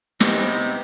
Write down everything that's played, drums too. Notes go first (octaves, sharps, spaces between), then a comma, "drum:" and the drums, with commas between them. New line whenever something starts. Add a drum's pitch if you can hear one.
E2 B3 C4 D#4 G4, drum: snare
C3